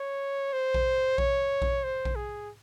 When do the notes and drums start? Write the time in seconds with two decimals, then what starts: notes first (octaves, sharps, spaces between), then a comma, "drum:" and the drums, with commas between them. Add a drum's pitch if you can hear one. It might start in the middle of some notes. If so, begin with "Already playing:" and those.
Already playing: C#5
0.53 C5
0.74 drum: kick A#1
1.18 C#5, drum: kick A#1
1.62 drum: kick A#1
1.84 C5
2.05 drum: kick A#1
2.16 G#4